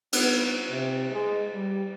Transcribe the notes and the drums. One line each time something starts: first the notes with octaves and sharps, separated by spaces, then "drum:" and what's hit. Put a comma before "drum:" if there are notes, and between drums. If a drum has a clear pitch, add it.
B3, drum: cymbal
C3
G#3
G3